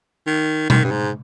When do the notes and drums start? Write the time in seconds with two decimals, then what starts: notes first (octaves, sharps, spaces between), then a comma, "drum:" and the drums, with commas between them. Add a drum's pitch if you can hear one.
0.27 D#3
0.70 D#3, drum: tom B2
0.84 G2
0.91 G#2